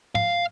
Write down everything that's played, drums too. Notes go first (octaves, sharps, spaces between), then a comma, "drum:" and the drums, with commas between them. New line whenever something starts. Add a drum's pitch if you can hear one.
F5, drum: tom G#2